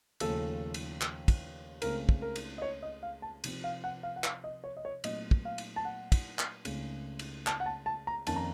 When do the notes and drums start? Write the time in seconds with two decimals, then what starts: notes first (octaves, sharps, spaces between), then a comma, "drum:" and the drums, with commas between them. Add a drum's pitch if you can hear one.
0.20 D#2 C#3 F3 A3 A4, drum: cymbal
0.74 drum: cymbal
1.01 drum: clap
1.28 drum: kick, cymbal
1.82 C#2 C#3 A3 C4 A#4, drum: cymbal
2.09 drum: kick
2.22 A#4
2.36 drum: cymbal
2.58 D#5
2.62 C#5
2.82 D#5
3.03 F5
3.22 A5
3.44 C3 F3 C4, drum: cymbal
3.64 F5
3.84 F#5
4.03 F5
4.16 F#5
4.24 F5, drum: clap
4.44 D#5
4.64 C#5
4.77 D#5
4.85 C#5
5.04 A#2 F#3 A3 C4 D#5, drum: cymbal
5.31 drum: kick
5.45 F5
5.58 drum: cymbal
5.76 A5
5.85 F#5
6.12 drum: kick, cymbal
6.39 drum: clap
6.65 C#2 C#3 A3 C4, drum: cymbal
7.19 drum: cymbal
7.47 A5, drum: clap
7.60 F#5
7.66 A5
7.86 A5
8.07 A#5
8.27 F2 D#3 A#3 C#4 A5, drum: cymbal
8.36 A#5